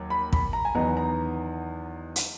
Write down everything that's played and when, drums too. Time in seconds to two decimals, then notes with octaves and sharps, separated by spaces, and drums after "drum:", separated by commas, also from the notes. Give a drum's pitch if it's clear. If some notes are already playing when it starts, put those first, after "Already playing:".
Already playing: D#2 F#3
0.10 B5
0.33 B5, drum: kick
0.53 A#5
0.65 G#5
0.75 E2 D#3 F#3 B3 D#4 A#5
0.97 A#5
2.16 drum: hi-hat